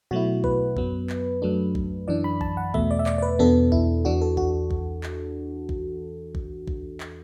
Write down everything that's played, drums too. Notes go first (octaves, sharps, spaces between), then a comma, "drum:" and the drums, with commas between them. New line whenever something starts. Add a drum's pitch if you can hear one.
B2 F#3 A3 E4 F#4
B4, drum: kick A#1
F#2 F#3 B3, drum: kick A#1
drum: clap
F#2 F#3 A3 D4
drum: kick A#1
F#2 E3 D4 D5
B5
A5, drum: kick A#1
F#5
E2 B2 A3 E5, drum: kick A#1
D5
E5
D5, drum: clap
D5
B4
E2 B2 B3 D4 A4
E4, drum: kick A#1
E2 E3 D4 F#4
A4
F#4, drum: kick A#1
drum: kick A#1
drum: clap
drum: kick A#1
drum: kick A#1
drum: kick A#1
drum: clap